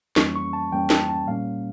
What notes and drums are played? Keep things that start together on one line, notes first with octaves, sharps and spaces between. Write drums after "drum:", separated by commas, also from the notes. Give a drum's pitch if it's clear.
F2 E3 G3 A#3 C#4 C#6, drum: snare
C#6
A5
F2 E3 G3 A#3 C#4 G5
A5, drum: snare
A5
A#2 G3 A#3 C#4 F5